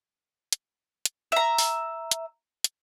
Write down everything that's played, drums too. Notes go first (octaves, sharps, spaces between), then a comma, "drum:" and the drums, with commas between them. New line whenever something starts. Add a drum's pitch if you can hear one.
drum: hi-hat
drum: hi-hat
E5 A#5
drum: open hi-hat
drum: hi-hat
drum: hi-hat